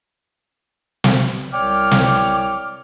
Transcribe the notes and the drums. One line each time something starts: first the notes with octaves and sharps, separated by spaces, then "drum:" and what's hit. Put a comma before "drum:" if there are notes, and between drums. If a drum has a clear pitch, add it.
drum: snare
C2 C#5 D5 G5 D6 F6
drum: snare